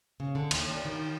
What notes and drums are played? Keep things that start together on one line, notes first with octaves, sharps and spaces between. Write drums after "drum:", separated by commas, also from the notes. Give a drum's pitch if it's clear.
C#3
D3
D#2, drum: cymbal
D4
D#3